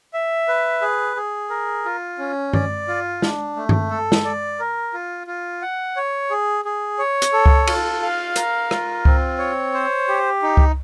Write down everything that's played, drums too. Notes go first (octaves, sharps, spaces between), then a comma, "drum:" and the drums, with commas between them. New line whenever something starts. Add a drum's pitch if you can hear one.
E5
B4
G#4
G#4
A#4
F4
C#4
D5, drum: tom G2
F4
D4, drum: snare
A3
drum: tom G2
A4
drum: snare
D5
A#4
F4
F4
F#5
C#5
G#4
G#4
C#5
drum: hi-hat
A4
drum: kick C#2
F4, drum: cymbal
F5
A#4, drum: hi-hat
F4, drum: rim click
C4, drum: kick C#2
C#5
C5
G4
D#4
drum: kick C#2